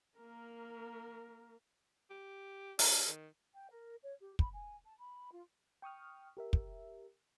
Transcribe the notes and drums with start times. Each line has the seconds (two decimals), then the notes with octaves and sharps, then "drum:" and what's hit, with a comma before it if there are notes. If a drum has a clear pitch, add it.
0.17 A#3 A#4
2.11 G4
2.79 D4, drum: open hi-hat
3.08 D#3
3.54 G5
3.70 A#4
4.03 C#5
4.22 G4
4.39 B5, drum: kick
4.53 G#5
4.85 A5
4.99 B5
5.32 F4
5.82 G5 C#6 D#6 F6
6.37 G4 A#4 E5
6.53 drum: kick